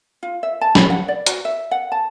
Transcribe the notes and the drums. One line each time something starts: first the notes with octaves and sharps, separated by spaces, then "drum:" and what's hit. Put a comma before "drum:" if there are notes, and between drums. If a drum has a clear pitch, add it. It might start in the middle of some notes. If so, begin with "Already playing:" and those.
F4
E5
A5
B5, drum: snare
F#5
D5
F#4, drum: hi-hat
E5
F#5
A5